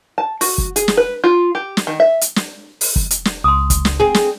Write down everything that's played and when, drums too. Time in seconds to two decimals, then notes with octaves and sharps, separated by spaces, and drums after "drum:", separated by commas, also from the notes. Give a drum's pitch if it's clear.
0.18 A5
0.41 F#4, drum: open hi-hat
0.58 drum: kick
0.76 G#4, drum: hi-hat
0.88 drum: snare
0.97 B4
1.24 F4
1.55 G4
1.77 drum: snare
1.87 D#3
2.00 E5
2.21 drum: hi-hat
2.36 drum: snare
2.81 drum: open hi-hat
2.96 drum: kick
3.11 drum: hi-hat
3.25 drum: snare
3.44 C#2 C6 D#6
3.70 drum: kick, hi-hat
3.85 drum: snare
4.00 C4 G#4
4.14 drum: snare